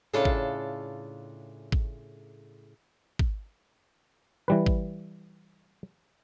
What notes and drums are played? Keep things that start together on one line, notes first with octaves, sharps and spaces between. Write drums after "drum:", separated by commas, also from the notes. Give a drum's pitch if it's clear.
A2 C#3 D4 F4 A4
drum: kick G#1
drum: kick G#1
drum: kick G#1
E3 G3 B4
drum: kick G#1